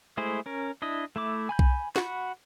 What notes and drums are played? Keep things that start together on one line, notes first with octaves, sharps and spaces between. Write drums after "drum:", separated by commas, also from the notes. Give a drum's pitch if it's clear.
G#3 A3 E4 G#4 C5
C#4 A#4
D4 E4 D#5
A3 E4 D6
G#5 B5 G6
drum: kick B1
F#4 F#5 B5, drum: snare